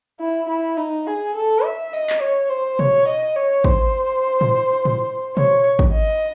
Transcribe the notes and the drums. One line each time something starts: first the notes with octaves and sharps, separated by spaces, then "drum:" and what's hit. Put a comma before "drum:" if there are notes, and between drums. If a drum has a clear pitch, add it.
E4
E4
D#4
G#4
A4
E5
D#5, drum: tambourine
drum: clap
C#5
C5
C#5, drum: tom B2
D#5
C#5
C5, drum: kick
drum: tom A2
drum: tom A2
C#5, drum: tom B2
drum: kick
D#5